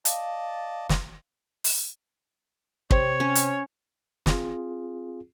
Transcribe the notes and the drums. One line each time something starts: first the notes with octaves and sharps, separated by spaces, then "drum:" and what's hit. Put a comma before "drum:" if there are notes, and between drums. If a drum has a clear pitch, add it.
D5 D#5 F5 A5, drum: hi-hat
drum: snare
drum: open hi-hat
C3 C4 C#5, drum: kick
C#4
drum: hi-hat
C4 F4 G#4, drum: snare